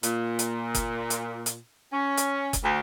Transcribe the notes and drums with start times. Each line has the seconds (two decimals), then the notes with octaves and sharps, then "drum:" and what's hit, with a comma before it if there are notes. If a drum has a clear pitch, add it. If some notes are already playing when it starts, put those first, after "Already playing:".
0.03 A#2, drum: hi-hat
0.39 drum: hi-hat
0.75 drum: kick F#1, hi-hat
1.10 drum: hi-hat
1.46 drum: hi-hat
1.92 C#4
2.18 drum: hi-hat
2.53 drum: kick F#1, hi-hat
2.63 D2